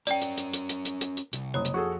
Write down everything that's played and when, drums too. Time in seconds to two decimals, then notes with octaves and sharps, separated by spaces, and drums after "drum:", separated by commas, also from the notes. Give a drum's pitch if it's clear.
0.07 C#4 A#4 D5 G5, drum: hi-hat
0.22 drum: hi-hat
0.38 drum: hi-hat
0.53 drum: hi-hat
0.69 drum: hi-hat
0.85 drum: hi-hat
1.01 drum: hi-hat
1.17 drum: hi-hat
1.33 C2, drum: hi-hat
1.54 F#1 C#5 D#6
1.65 drum: hi-hat
1.74 F2 F#4 G#4 A4